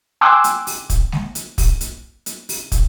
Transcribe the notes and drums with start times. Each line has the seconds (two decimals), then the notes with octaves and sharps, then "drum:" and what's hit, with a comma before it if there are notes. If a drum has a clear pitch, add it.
0.21 G5 G#5 C6 D6 E6 F#6
0.44 drum: hi-hat
0.67 drum: open hi-hat
0.90 drum: kick, hi-hat
1.12 drum: snare G#3
1.35 drum: hi-hat
1.58 drum: kick, open hi-hat
1.81 drum: hi-hat
2.26 drum: hi-hat
2.49 drum: open hi-hat
2.72 drum: kick, hi-hat